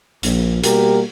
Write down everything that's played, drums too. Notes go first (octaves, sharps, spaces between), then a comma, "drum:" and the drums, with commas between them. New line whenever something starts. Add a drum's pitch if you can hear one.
A#1, drum: hi-hat
B2 G3 A#3 F#4 G4 A#4, drum: hi-hat